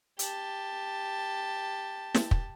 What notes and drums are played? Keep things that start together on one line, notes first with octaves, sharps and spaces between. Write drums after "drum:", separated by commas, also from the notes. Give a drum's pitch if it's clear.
G4 A5, drum: hi-hat
drum: snare
drum: kick